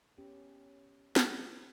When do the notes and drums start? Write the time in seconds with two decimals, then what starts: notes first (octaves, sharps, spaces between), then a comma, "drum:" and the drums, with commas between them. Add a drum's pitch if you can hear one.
0.18 B3 C#4 G4
1.16 drum: snare